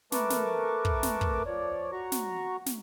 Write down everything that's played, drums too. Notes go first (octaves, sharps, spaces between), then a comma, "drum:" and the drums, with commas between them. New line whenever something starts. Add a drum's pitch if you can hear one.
A3 A#4 B4 A5 C#6 D6, drum: snare
drum: snare
drum: kick
drum: snare
drum: kick
F3 C#5 D5
F#4 A#5 C#6
drum: snare
drum: snare